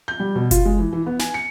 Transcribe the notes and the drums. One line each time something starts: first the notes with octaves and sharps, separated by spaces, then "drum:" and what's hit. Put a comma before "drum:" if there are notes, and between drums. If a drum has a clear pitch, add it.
G6
G3
B2
F4, drum: kick F#1, hi-hat
G#3
E3
E3
B3
G#5, drum: snare
C#7